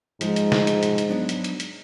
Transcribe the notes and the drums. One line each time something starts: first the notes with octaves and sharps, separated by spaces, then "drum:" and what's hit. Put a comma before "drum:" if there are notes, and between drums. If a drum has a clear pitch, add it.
G#2 F3 G#3, drum: hi-hat
drum: hi-hat
drum: snare
drum: hi-hat
drum: hi-hat
drum: hi-hat
F#3 B3 D4
drum: hi-hat
drum: hi-hat
drum: hi-hat